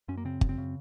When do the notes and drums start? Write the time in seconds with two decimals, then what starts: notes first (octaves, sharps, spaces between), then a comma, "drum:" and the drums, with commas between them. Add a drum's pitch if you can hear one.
0.08 F#2 C#4
0.18 A#3
0.25 C#3 C4
0.41 F#2, drum: kick G1
0.49 C4
0.58 C#3